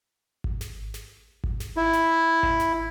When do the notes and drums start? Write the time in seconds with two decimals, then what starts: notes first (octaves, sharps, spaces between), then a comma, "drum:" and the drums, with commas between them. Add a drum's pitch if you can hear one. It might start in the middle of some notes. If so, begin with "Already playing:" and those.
0.44 drum: kick G#1
0.61 drum: snare
0.94 drum: snare
1.44 drum: kick G#1
1.60 drum: snare
1.77 E4
1.93 drum: snare
2.43 drum: kick G#1
2.60 drum: snare